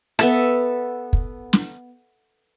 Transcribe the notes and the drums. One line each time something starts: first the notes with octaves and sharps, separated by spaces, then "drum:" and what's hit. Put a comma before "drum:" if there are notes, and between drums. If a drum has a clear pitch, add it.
B3 A4 E5, drum: rim click
drum: kick
drum: snare